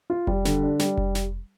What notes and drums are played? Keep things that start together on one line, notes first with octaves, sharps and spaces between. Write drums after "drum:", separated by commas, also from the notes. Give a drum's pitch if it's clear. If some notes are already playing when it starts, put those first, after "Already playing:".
F4
G3, drum: kick F1
D3, drum: snare
D4
G3, drum: snare
drum: kick F1
drum: snare